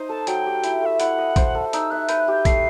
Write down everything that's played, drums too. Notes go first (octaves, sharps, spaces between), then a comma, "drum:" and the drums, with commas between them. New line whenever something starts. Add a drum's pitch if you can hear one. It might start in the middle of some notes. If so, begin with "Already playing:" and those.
Already playing: D#4 C5 D#5
A4 A5
F#3 G5, drum: hi-hat
G4
E4, drum: hi-hat
A3 E5
E4 F#5, drum: hi-hat
D#5
C5, drum: kick A1, hi-hat
A4
D#4 E6, drum: hi-hat
E5 F#6
B4 G6, drum: hi-hat
F#6
G4 G6
A3 C7, drum: kick A1, hi-hat